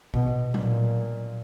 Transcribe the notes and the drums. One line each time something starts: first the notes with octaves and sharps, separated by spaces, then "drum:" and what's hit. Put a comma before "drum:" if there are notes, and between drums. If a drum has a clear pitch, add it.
B2, drum: kick
A#2, drum: tom F#3